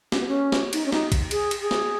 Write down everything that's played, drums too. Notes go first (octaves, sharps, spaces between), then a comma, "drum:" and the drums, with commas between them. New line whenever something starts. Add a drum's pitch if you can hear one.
C#4, drum: snare
B3
C#4
drum: snare
D#4, drum: cymbal
C#4
D#4, drum: snare
drum: kick A#1, cymbal
G#4, drum: cymbal
drum: cymbal
G#4
drum: snare